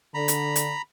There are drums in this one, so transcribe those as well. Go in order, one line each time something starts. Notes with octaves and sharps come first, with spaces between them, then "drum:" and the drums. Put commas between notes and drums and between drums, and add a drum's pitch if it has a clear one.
D3 A#5 B5
drum: hi-hat
drum: hi-hat